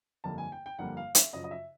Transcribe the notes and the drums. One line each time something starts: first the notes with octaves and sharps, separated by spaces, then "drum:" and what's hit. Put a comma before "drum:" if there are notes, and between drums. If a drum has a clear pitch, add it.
G1 F2 D3 G3 A#3 A5
G#5
G5
G5
G1 F2 D3 G3 A#3 F#5
F5
E5, drum: hi-hat
F#2 C#3 F3 D#5
D#5
E5